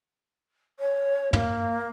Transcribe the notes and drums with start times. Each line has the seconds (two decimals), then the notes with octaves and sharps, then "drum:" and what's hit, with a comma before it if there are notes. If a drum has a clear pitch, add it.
0.80 C#5
1.33 A#3, drum: tom